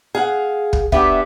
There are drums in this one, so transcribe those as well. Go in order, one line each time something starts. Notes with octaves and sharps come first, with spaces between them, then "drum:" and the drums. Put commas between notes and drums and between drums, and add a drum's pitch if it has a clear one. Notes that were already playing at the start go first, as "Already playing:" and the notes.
G#4 F5 F#5
drum: kick
B3 D4 G4 E5, drum: kick